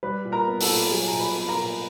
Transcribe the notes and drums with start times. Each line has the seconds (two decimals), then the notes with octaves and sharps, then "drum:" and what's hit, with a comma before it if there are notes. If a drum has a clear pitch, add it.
0.03 G3 B4 B5
0.25 A#2
0.32 A#4 A#5
0.47 B3
0.61 A4 A5, drum: open hi-hat
0.69 A#2
0.90 F#3 G#4 G#5
1.08 A#2 A#5
1.19 B4 B5
1.35 B3
1.41 B5
1.49 A#4 A#5
1.56 A#2